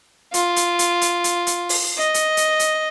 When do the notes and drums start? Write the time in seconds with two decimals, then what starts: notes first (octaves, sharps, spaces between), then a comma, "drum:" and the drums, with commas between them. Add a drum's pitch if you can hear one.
0.34 F4, drum: hi-hat
0.56 drum: hi-hat
0.79 drum: hi-hat
1.01 drum: hi-hat
1.24 drum: hi-hat
1.47 drum: hi-hat
1.69 drum: open hi-hat
1.97 D#5
2.14 drum: hi-hat
2.37 drum: hi-hat
2.59 drum: hi-hat